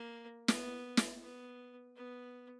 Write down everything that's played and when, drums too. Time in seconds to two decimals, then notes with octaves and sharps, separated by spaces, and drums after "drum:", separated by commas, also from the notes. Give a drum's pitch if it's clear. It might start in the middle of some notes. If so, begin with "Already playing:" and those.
Already playing: A#3
0.48 B3, drum: snare
0.97 drum: snare
1.23 B3
1.96 B3